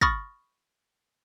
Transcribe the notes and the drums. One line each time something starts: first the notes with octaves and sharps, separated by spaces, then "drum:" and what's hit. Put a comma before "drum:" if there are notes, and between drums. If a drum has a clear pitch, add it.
B5 C#6 D#6 F6 A6 A#6, drum: kick